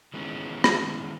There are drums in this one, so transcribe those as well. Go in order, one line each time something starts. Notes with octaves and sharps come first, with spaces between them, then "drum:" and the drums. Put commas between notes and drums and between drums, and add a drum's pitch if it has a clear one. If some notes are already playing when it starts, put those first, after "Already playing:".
D#3 E3 G#3 B3 C#4
drum: rim click